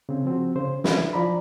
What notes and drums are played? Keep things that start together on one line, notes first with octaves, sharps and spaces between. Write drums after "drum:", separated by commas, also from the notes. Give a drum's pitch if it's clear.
C#3 C4
F3 C4 F#4
C#3 C5
D4 E4 B4, drum: snare
F3 D5 A#5 B5